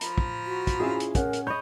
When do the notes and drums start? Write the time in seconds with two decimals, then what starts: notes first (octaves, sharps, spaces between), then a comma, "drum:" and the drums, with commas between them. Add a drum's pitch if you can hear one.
0.01 F3 A#5 B5, drum: hi-hat
0.18 drum: kick
0.46 F#4
0.67 drum: kick, hi-hat
0.80 C#4 E4 F4 G#4 E5 F5
1.00 drum: hi-hat
1.15 C#4 A#4 C#5 F#5, drum: kick, hi-hat
1.33 drum: hi-hat
1.47 C#5 D#5 B5 G6